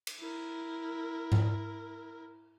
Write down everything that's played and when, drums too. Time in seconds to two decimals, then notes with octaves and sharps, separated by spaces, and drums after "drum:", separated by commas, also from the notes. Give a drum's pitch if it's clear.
0.07 drum: cymbal
0.20 E4 A#4
1.32 drum: tom G#2